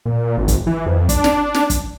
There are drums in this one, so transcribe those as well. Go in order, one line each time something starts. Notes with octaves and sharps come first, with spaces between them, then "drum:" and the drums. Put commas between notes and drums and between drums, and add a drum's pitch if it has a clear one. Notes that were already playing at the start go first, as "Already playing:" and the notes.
A#2
G#1
drum: kick, hi-hat
E3
F2
D4, drum: kick, hi-hat
drum: snare
drum: snare
drum: kick, hi-hat